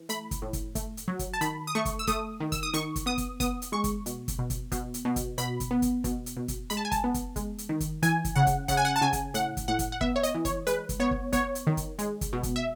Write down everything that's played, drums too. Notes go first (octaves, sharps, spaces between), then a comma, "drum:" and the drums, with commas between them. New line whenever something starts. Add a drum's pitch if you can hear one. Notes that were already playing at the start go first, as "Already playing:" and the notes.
Already playing: E3
A3 B5, drum: hi-hat
drum: kick, hi-hat
A2
drum: kick, hi-hat
A3, drum: kick, hi-hat
drum: hi-hat
F#3
drum: kick, hi-hat
A5
D#3 B5, drum: hi-hat
D#6
A3 C#6
drum: kick, hi-hat
E6
A3 D#6, drum: kick, hi-hat
D#3
E6, drum: kick, hi-hat
D#6
D#3 C#6, drum: hi-hat
drum: kick, hi-hat
B3 D#6
drum: kick, hi-hat
B3 D#6, drum: kick, hi-hat
drum: hi-hat
G#3 C#6
drum: kick, hi-hat
B2, drum: hi-hat
drum: kick, hi-hat
B2
drum: kick, hi-hat
B2, drum: kick, hi-hat
drum: hi-hat
B2
drum: kick, hi-hat
B2 B5, drum: hi-hat
drum: kick, hi-hat
B3
drum: kick, hi-hat
B2, drum: kick, hi-hat
drum: hi-hat
B2
drum: kick, hi-hat
G#3 B5, drum: hi-hat
A5
G#5
A5, drum: kick, hi-hat
B3
drum: kick, hi-hat
G#3, drum: kick, hi-hat
drum: hi-hat
D#3
drum: kick, hi-hat
E3 G#5, drum: hi-hat
drum: kick, hi-hat
C#3 F#5
drum: kick, hi-hat
C#3 F#5, drum: kick, hi-hat
G#5
F#5
A5
C#3 G#5
drum: kick, hi-hat
A2 F#5, drum: hi-hat
drum: kick, hi-hat
A2 F#5
drum: kick, hi-hat
F#5
B3 E5, drum: kick
C#5
D#5, drum: hi-hat
E3
C#5, drum: kick, hi-hat
G#3 B4, drum: hi-hat
drum: kick, hi-hat
B3 C#5
drum: kick
B3 C#5, drum: kick, hi-hat
drum: hi-hat
D#3
drum: kick, hi-hat
G#3, drum: hi-hat
drum: kick, hi-hat
B2
drum: kick, hi-hat
E5